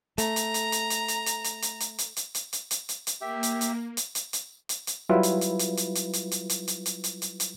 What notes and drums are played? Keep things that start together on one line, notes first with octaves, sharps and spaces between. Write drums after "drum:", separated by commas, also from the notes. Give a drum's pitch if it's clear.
A3 A#5, drum: hi-hat
drum: hi-hat
drum: hi-hat
drum: hi-hat
drum: hi-hat
drum: hi-hat
drum: hi-hat
drum: hi-hat
drum: hi-hat
drum: hi-hat
drum: hi-hat
drum: hi-hat
drum: hi-hat
drum: hi-hat
drum: hi-hat
drum: hi-hat
drum: hi-hat
A#3 G4 E5
drum: hi-hat
drum: hi-hat
drum: hi-hat
drum: hi-hat
drum: hi-hat
drum: hi-hat
drum: hi-hat
F#3 G3 E4 F4 B4
drum: hi-hat
drum: hi-hat
drum: hi-hat
drum: hi-hat
drum: hi-hat
drum: hi-hat
drum: hi-hat
drum: hi-hat
drum: hi-hat
drum: hi-hat
drum: hi-hat
drum: hi-hat
drum: hi-hat